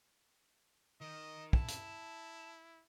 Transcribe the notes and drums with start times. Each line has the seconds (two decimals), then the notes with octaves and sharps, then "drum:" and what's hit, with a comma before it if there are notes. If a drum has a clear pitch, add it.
1.01 D#3 D#5
1.53 E4 A5, drum: kick
1.69 drum: hi-hat